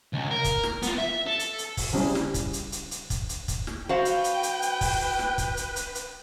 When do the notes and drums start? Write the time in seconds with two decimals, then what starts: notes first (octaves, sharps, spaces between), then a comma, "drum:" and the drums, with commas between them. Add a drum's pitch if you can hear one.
0.13 C#2
0.30 A#4
0.44 drum: kick, hi-hat
0.63 drum: snare
0.82 B3 F4, drum: hi-hat
0.98 E5
1.26 A4
1.39 drum: hi-hat
1.58 drum: hi-hat
1.77 drum: kick, open hi-hat
1.93 C#3 G3 C4 E4 G4 G#4
2.15 drum: snare
2.34 drum: kick, hi-hat
2.53 drum: hi-hat
2.72 drum: hi-hat
2.91 drum: hi-hat
3.10 drum: kick, hi-hat
3.29 drum: hi-hat
3.48 drum: kick, hi-hat
3.67 drum: snare
3.89 F#4 B4 C5 F5 G5
4.05 drum: hi-hat
4.24 drum: hi-hat
4.43 drum: hi-hat
4.62 drum: hi-hat
4.81 drum: kick, open hi-hat
5.19 drum: snare
5.38 drum: kick, hi-hat
5.57 drum: hi-hat
5.76 drum: hi-hat
5.95 drum: hi-hat